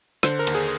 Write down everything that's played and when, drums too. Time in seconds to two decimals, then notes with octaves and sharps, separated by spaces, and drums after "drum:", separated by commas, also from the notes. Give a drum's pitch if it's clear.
0.23 D3 C5, drum: rim click
0.39 A#4
0.47 D#2, drum: cymbal
0.55 G#4